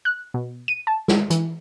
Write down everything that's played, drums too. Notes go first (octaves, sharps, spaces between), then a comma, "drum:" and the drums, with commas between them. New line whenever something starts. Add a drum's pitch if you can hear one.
F#6
B2
D#7
A5
drum: snare
E3, drum: hi-hat